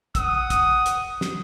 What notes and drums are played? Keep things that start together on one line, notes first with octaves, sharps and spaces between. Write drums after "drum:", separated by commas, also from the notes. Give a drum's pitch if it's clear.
F#5 D#6, drum: kick, hi-hat
drum: kick, hi-hat
drum: hi-hat
drum: snare